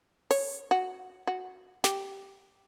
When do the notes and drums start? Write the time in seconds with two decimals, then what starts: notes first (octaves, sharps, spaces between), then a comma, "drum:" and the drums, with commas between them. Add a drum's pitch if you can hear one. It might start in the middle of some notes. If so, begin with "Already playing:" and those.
0.31 C#5, drum: open hi-hat
0.71 F#4
1.27 F#4
1.84 G4, drum: snare